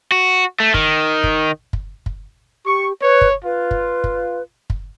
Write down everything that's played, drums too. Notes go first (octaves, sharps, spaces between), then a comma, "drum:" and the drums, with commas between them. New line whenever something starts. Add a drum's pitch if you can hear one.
F#4
A3
D#3, drum: kick F#1
drum: kick F#1
drum: kick F#1
drum: kick F#1
G4 C#6
B4 C#5
drum: kick F#1
F4 B4
drum: kick F#1
drum: kick F#1
drum: kick F#1